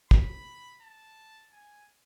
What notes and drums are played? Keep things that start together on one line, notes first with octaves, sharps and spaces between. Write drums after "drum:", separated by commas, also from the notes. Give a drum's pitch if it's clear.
B5, drum: kick
A5
G#5